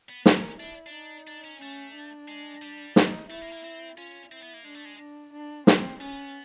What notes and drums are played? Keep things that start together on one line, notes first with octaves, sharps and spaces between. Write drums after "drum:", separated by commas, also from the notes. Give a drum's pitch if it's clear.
B3
C#4 A#4, drum: snare
D4 E4
D4
D#4
D4
C#4
A3 C#4
D4
G#3
G3
D#4, drum: snare
A3 E4
A#3
A#3
C4
C#4 F4
C4 E4
B3
A#3
G#3 D4
A3
G#3
D4
D4
C4, drum: snare
B3 C#4